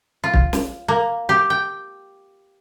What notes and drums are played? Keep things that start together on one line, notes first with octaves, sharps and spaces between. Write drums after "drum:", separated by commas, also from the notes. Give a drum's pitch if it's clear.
F4
drum: kick
drum: snare
A#3
G4
G5